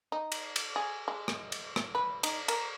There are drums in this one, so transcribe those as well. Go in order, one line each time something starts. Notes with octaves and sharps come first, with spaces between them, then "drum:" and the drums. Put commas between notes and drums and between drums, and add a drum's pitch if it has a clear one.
D#4
drum: cymbal
drum: cymbal
G#4
G#3
drum: rim click
drum: cymbal
drum: rim click
B4
D#4, drum: cymbal
A#4, drum: cymbal